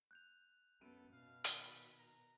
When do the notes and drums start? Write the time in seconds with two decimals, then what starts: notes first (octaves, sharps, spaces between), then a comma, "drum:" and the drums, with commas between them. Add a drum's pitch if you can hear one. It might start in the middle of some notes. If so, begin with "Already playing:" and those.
0.11 F#6 G6 F7
0.81 F#2 B3 A4 D7 D#7
1.13 B2 F5
1.44 D#3 B5, drum: hi-hat
2.00 A#5